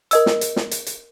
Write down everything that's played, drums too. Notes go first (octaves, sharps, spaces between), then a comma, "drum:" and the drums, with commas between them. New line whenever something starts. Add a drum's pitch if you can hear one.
A#4 D#5 E6, drum: hi-hat
drum: snare
drum: hi-hat
drum: snare
drum: hi-hat
drum: hi-hat